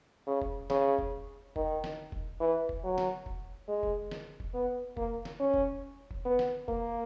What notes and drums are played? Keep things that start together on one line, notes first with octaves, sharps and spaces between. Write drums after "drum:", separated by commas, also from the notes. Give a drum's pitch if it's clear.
C#3
drum: kick
C#3, drum: snare
drum: kick
D#3, drum: kick
drum: snare
drum: kick
E3
drum: kick
F#3
drum: snare
drum: kick
G#3
drum: kick
drum: snare
drum: kick
B3
A#3, drum: kick
drum: snare
C#4
drum: kick
drum: kick
B3
drum: snare
A#3, drum: kick